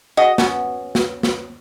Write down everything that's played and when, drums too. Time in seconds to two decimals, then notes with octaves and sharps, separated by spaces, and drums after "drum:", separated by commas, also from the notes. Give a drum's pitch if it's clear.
0.17 F#4 G#4 D#5
0.38 B3 C#4 F#4, drum: snare
0.95 drum: snare
1.23 drum: snare